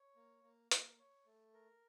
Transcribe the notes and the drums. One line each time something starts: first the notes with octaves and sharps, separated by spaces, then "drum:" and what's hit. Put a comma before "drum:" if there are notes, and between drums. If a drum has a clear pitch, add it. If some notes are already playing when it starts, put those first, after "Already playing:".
Already playing: C#5
A#3
A#3
A#3, drum: hi-hat
C#5
A3
A#4